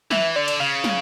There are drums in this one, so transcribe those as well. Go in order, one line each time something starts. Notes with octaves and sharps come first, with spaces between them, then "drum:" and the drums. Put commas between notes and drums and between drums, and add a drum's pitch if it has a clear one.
E3 E5, drum: snare
D3 D5
drum: cymbal
C#3 F5
drum: snare